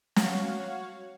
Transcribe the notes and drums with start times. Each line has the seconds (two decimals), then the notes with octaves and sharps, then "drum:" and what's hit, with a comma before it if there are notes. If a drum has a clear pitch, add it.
0.16 F#4 C#5 F5, drum: snare